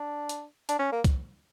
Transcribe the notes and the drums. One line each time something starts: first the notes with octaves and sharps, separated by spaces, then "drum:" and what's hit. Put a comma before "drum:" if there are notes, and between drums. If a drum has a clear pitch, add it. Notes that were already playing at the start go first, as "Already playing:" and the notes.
Already playing: D4
drum: hi-hat
D4, drum: hi-hat
C#4
A#3
drum: kick C2, hi-hat